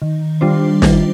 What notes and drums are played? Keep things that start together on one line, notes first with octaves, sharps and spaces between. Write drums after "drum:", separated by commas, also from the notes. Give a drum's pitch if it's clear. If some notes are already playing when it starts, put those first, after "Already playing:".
D#3
G3 D4 F4 C5
D#3, drum: snare